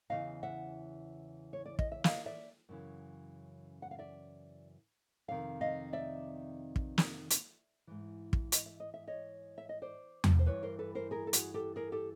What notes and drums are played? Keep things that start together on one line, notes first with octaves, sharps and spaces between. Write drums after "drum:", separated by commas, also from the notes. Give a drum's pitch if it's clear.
E2 C#3 E3 D#5 F5
E5 F#5
C#5
D5
D#5, drum: kick
E5
D#5 F5, drum: snare
D5 E5
F#2 C#3 E3
F#5
F5
D5 E5
F2 C3 D#3 F5
D#5 F5
D5 E5
drum: kick
drum: snare
drum: hi-hat
G#2 E3
drum: kick
D#5, drum: hi-hat
E5
D#5
E5
C#5 D#5
E5
D#5
C5 D5
drum: tom E2
C5
G2 E3 B4 C#5
A#4 C5
A4 B4
A#4 C5
G#4 A#4
A4
F#4 G#4, drum: hi-hat
G4 A4
G#4 A#4
G4 A4